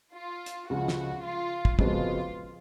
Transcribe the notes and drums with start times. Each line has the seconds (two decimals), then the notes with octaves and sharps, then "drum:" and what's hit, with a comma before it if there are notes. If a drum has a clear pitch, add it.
0.14 F4
0.46 drum: hi-hat
0.70 C#2 C#3 F3 G#3 F#4
0.88 drum: snare
1.24 F4
1.65 drum: kick
1.79 F2 C#3 G#3 B3 F4 F#4, drum: kick